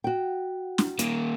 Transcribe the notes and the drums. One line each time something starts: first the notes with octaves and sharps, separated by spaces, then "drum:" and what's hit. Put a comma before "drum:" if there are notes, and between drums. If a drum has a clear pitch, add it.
F#4 G5
drum: snare
A#2 D#3, drum: hi-hat